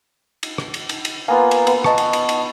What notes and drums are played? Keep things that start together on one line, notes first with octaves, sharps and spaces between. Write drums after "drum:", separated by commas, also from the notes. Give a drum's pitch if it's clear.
drum: cymbal
drum: rim click
drum: cymbal
drum: cymbal
drum: cymbal
A#3 B3 F4 F5 G#5 A#5
drum: cymbal
B3, drum: cymbal
D#5 A5 C#6, drum: rim click
drum: cymbal
drum: cymbal
drum: cymbal